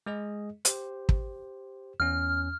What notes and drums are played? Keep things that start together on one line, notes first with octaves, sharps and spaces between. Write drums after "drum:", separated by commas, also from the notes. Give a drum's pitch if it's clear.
G#3 G#4 D#5
G4 C5, drum: hi-hat
drum: kick
E2 C#4 F6